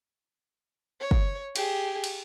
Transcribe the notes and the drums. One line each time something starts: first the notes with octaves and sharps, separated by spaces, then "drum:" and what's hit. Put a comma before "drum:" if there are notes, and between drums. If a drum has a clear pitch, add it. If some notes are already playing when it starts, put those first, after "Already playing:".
C#5
drum: kick
G4 G#4, drum: cymbal
drum: cymbal